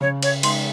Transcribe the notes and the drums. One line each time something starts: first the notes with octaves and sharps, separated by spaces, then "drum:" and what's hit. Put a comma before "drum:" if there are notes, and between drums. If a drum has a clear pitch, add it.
C#3 C#5
C#5, drum: cymbal
G#3 D#4 C6, drum: cymbal